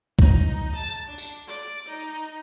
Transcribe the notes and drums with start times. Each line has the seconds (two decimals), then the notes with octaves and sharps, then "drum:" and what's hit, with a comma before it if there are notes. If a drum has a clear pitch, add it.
0.19 D#4, drum: kick C2
0.75 A5
1.06 D4
1.18 drum: tambourine
1.48 D5
1.88 D#4